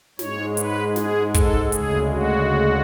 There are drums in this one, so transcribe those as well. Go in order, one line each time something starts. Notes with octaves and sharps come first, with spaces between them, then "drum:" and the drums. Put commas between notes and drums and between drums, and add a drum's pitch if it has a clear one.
G#2 G#3 C#5, drum: snare
B4, drum: hi-hat
G#4, drum: snare
A4, drum: kick, hi-hat
D2 C#3 G#3 G#4, drum: hi-hat
F#4